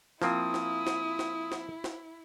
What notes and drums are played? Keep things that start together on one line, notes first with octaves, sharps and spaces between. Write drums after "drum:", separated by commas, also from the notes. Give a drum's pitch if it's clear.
F3 A#3 C4 E4 D#6, drum: snare
drum: snare
drum: snare
drum: snare
drum: snare
drum: snare